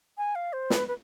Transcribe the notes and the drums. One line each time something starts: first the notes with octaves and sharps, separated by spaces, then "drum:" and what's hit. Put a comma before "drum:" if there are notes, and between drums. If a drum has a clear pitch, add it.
G#5
F5
C5
B4, drum: snare
B4